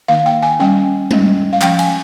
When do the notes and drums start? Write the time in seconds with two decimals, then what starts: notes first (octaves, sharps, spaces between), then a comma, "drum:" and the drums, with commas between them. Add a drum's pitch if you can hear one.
0.08 D#3 A#3 D#4 F5
0.26 G5
0.42 G#5
0.60 G3 C#4 G5
1.11 G3 C#4, drum: tom G#3
1.53 F5
1.61 F3 G#3 C#4 G5, drum: clap
1.79 G#5, drum: cymbal